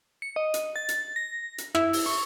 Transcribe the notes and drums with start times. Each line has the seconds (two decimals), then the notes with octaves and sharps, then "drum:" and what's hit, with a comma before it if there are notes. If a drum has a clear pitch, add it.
0.22 C#7
0.36 D#5
0.54 drum: hi-hat
0.76 A6
0.89 drum: hi-hat
1.16 A#6
1.58 drum: hi-hat
1.75 E4, drum: rim click
1.93 drum: open hi-hat
2.06 C#6